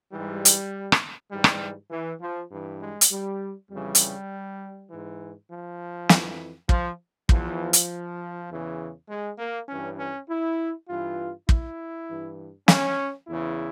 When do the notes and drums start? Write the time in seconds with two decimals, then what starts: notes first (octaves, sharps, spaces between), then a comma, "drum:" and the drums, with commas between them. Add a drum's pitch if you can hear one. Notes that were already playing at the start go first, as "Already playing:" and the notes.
0.11 G#2 E3 G3
0.45 drum: hi-hat
0.92 drum: rim click
1.31 G#2 E3 G3
1.44 drum: rim click
1.90 E3
2.20 F3
2.50 G2 E3
2.81 G#3
3.01 drum: hi-hat
3.11 G3
3.71 F2 C#3 E3 G3
3.95 drum: hi-hat
4.89 G#2 E3
5.50 F3
6.09 F2 E3, drum: snare
6.69 F3, drum: kick
7.29 E2 E3 F3, drum: kick
7.73 drum: hi-hat
8.49 E2 C#3 E3
9.09 G#3
9.38 A#3
9.68 G2 E3 C#4
9.99 C#4
10.29 E4
10.89 G2 E3 F4
11.49 E4, drum: kick
12.08 G2 E3
12.68 C#4, drum: snare
13.28 E2 C#3 E3 E4